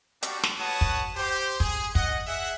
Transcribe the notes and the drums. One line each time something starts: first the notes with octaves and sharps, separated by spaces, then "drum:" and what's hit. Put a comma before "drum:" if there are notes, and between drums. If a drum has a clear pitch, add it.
G3 D4 F#4, drum: hi-hat
drum: snare
F#4 B4 C#5 F#5 A5 D#6
drum: kick
G4 C5
G#4, drum: kick
D#5 F#5, drum: kick
G#4 E5 F#5